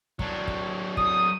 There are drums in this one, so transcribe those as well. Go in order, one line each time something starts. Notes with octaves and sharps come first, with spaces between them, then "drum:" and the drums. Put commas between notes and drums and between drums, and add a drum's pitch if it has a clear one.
F#3 D4, drum: kick
drum: kick
D#6, drum: kick